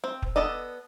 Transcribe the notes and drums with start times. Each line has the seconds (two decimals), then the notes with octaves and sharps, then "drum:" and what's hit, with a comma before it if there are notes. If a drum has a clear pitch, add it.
0.04 C4
0.22 drum: kick
0.36 B3 A4 D5 D#5